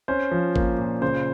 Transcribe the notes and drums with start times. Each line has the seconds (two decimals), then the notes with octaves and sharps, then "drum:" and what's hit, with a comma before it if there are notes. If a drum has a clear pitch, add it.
0.08 C#4 C5
0.31 F3
0.56 A#3, drum: kick
0.78 A#2
1.02 C#3 C5